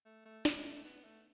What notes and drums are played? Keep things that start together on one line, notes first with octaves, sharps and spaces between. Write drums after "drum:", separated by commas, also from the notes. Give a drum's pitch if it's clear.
A3
A3
G#3, drum: snare
A3
B3
A3